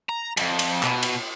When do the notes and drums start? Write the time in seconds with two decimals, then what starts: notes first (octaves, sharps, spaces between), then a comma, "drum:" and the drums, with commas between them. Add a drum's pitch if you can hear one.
0.09 A#5
0.37 F2, drum: cymbal
0.59 drum: cymbal
0.83 B2, drum: clap
1.03 drum: cymbal